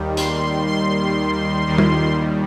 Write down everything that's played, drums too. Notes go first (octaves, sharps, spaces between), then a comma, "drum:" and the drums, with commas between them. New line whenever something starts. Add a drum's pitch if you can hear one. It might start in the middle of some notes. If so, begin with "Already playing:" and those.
Already playing: D#2 D#3 G3
C6, drum: hi-hat
C6
D#2 D#3 G3
drum: tom G3